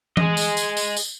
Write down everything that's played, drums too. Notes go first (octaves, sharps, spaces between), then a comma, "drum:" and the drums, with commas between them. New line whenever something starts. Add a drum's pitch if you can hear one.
G#4 D#5, drum: tom E3
drum: tambourine
drum: tambourine
drum: tambourine
drum: tambourine